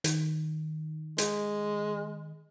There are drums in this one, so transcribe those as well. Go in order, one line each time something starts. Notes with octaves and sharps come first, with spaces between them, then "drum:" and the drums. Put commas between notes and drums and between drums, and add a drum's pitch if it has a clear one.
D#3, drum: hi-hat
G#3, drum: hi-hat